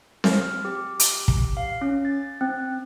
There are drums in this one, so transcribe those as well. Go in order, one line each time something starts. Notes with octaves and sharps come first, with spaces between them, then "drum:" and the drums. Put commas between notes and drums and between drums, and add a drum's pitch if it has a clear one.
F6, drum: snare C4
G4
drum: hi-hat
drum: kick
F5
C#4
A6
C4